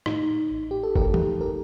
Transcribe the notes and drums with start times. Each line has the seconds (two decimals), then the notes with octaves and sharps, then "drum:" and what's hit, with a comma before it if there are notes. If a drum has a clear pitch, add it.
0.06 A2 D#4, drum: rim click
0.51 A1
0.71 G4
0.83 A4
0.96 A3 G4 A#4, drum: kick F#1
1.14 drum: tom
1.41 G4 A#4